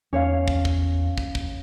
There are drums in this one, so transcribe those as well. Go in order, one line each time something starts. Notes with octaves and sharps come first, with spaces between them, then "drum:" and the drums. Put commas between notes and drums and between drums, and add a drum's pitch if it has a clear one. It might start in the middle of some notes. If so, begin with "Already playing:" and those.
E2 C#4 C#5 F5
drum: kick
drum: kick
drum: kick
drum: kick